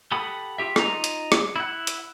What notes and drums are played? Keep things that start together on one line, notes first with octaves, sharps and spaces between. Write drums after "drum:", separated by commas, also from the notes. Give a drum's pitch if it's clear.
G4 A4 F#5 B5 D#6
F4 G4 E5
D#4 F4 A#5, drum: rim click
drum: hi-hat
drum: rim click
E4 F#5
drum: hi-hat